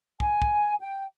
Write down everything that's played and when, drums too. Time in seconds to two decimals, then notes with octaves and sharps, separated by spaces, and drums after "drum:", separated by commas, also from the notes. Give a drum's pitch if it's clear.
0.20 G#5, drum: kick
0.42 drum: kick
0.81 G5